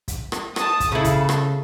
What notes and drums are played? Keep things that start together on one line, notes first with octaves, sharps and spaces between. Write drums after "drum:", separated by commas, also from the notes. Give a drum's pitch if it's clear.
drum: kick, hi-hat
drum: rim click
A5 D#6, drum: rim click
drum: kick, hi-hat
C#3 E4 A4
drum: kick, hi-hat
drum: rim click